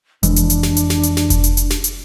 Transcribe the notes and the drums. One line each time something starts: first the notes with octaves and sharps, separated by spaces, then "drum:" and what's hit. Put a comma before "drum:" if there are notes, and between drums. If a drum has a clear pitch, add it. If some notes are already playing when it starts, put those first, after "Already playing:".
F2 E3 G#3 D4, drum: kick F1, hi-hat
drum: hi-hat
drum: hi-hat
drum: snare
drum: hi-hat
drum: snare
drum: hi-hat
drum: snare
drum: kick F1, hi-hat
drum: hi-hat
drum: hi-hat
drum: snare
drum: hi-hat